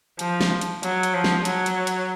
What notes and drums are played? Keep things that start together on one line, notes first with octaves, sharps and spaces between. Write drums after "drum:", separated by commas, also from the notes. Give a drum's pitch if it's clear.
F3, drum: hi-hat
drum: snare
drum: hi-hat
F#3, drum: hi-hat
drum: hi-hat
F3
drum: snare
F#3, drum: hi-hat
drum: hi-hat
drum: hi-hat